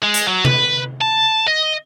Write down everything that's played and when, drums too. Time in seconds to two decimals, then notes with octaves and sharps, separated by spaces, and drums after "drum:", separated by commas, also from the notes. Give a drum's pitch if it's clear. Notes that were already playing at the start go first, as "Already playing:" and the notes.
0.03 G#3
0.14 drum: hi-hat
0.27 F#3
0.45 B4, drum: tom C3
1.01 A5
1.48 D#5